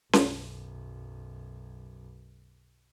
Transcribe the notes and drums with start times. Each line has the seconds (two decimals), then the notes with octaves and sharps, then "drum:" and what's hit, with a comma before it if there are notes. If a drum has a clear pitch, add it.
0.13 B1 F#2, drum: snare C#4